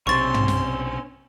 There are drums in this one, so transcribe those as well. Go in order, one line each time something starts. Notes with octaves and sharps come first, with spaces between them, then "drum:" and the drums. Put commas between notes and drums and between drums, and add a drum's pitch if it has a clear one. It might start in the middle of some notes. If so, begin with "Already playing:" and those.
B1 C3 C4 C#4 C6 C#6 A6
drum: tom
drum: snare